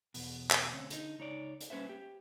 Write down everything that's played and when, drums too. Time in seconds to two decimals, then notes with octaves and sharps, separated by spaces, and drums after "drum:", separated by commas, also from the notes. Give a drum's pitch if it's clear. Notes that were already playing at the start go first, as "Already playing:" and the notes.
0.14 E2 B2, drum: open hi-hat
0.51 drum: clap
0.71 D2 C4 C#4
0.90 D3 D#4, drum: hi-hat
1.19 C#2 D#4 C#5 D5
1.60 drum: hi-hat
1.70 G3 A#3 C#4 B4 C5 E5
1.89 G4